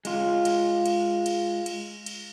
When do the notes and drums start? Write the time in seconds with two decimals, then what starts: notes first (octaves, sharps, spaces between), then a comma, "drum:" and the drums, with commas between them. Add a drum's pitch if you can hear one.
0.05 G#3 F4, drum: cymbal
0.45 drum: cymbal
0.86 drum: cymbal
1.26 drum: cymbal
1.66 drum: cymbal
2.06 drum: cymbal